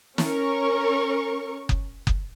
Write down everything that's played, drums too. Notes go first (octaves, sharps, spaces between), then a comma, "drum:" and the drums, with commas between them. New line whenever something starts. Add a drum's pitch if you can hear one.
C#4 A#4 C#6, drum: snare
drum: kick F#1
drum: kick F#1